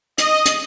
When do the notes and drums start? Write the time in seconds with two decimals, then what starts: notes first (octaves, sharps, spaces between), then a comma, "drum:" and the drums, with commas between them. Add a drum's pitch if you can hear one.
0.18 D#5, drum: hi-hat
0.46 drum: hi-hat